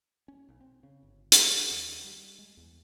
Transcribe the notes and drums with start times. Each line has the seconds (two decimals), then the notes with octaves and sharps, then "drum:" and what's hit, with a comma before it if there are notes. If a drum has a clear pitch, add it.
0.28 C#4
0.49 B1
0.60 C4
0.83 C#3
1.03 G1
1.32 F2, drum: hi-hat
1.71 D#2
2.04 G3
2.38 G#3
2.57 E2